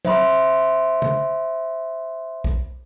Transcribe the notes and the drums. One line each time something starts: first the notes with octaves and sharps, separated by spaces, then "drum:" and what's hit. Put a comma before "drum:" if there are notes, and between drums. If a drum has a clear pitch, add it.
C5 E5 B5 C6, drum: tom
drum: tom
drum: kick B1